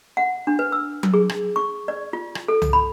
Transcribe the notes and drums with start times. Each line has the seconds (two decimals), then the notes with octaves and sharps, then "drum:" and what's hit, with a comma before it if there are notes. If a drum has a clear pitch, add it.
0.17 F#5
0.47 D4
0.59 B4
0.72 E6
1.03 drum: tom F#3
1.14 G#4
1.29 drum: rim click
1.56 C#6
1.88 D5
2.13 F4
2.35 drum: rim click
2.48 A4
2.62 drum: tom C2
2.73 B5